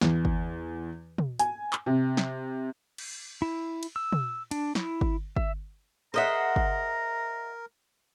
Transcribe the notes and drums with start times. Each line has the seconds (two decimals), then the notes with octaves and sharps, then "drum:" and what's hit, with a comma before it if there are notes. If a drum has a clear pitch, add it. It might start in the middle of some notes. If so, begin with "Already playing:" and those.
0.01 E2, drum: snare
0.25 drum: kick G1
1.18 drum: tom
1.39 G#5, drum: hi-hat
1.73 drum: clap
1.86 C3
2.17 drum: snare
2.98 drum: cymbal
3.42 E4
3.83 drum: cymbal
3.96 E6
4.12 drum: tom
4.51 D4, drum: cymbal
4.75 E4, drum: snare
5.01 drum: kick G1
5.36 E5, drum: kick G1
6.14 G#4 A#4 C5 D#5 E5 F#5 A#5
6.56 drum: kick G1